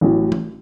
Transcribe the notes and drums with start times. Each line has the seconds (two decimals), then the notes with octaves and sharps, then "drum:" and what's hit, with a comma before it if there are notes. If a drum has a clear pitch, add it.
0.01 A1 A2 F#3
0.32 drum: tom E3